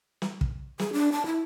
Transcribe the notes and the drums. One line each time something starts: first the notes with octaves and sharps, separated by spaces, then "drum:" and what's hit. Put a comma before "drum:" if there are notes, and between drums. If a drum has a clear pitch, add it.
drum: snare
drum: kick
G#4, drum: snare
D4
A5
E4